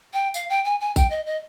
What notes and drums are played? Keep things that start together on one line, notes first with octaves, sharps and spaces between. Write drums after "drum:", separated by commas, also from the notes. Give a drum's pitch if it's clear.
G5
F5, drum: tambourine
G5
G#5
G#5
G5, drum: kick A#1, tambourine
D#5
D#5